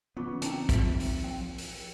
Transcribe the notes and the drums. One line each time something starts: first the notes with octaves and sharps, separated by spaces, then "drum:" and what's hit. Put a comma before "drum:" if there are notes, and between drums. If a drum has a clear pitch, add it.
C#3 E3 B3 F4 C#6 D6
C4 D#4 E4 G5, drum: hi-hat
E5, drum: kick, hi-hat
drum: open hi-hat
F3 G5
drum: open hi-hat